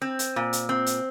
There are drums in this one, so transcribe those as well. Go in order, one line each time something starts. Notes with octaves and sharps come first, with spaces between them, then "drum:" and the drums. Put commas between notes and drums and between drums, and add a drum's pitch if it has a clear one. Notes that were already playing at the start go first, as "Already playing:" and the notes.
C4
drum: hi-hat
A#2
drum: hi-hat
C4
drum: hi-hat